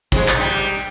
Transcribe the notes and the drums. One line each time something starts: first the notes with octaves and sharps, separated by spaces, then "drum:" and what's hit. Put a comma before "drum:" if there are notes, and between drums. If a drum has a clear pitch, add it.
F2 G#3, drum: kick, tambourine
drum: clap
G3 D#4